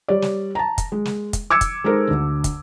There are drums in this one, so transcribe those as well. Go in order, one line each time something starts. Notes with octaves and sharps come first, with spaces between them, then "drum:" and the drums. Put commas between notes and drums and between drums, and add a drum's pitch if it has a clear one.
G3 G4 C#5 D5
drum: snare
A5 A#5
drum: kick, hi-hat
G#3
drum: snare
drum: kick, hi-hat
D6 E6 G#6 C#7
drum: kick, hi-hat
G#3 D#4 A4 A#4 C5
D2 D3
drum: kick, hi-hat